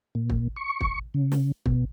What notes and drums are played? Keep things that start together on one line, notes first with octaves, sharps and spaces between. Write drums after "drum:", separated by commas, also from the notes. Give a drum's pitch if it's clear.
A#2
drum: kick
C#6
drum: kick
C#3
drum: snare
B2, drum: kick